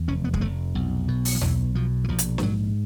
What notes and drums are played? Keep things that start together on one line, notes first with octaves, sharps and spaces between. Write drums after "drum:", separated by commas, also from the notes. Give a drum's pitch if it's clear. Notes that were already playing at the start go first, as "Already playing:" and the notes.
Already playing: E2
F1 C#4
B3
G#3, drum: kick
F1 A3
B1
B2
drum: open hi-hat
F3
B1 E3, drum: tom D#2
B2 F3
E3
A#1 F3
drum: hi-hat
F3, drum: snare
G#2 F#3